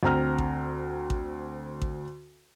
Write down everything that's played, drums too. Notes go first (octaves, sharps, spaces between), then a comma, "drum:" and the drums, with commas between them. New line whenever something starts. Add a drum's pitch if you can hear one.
D2 C4 A#5 F6
drum: kick A1
drum: kick A1
drum: kick A1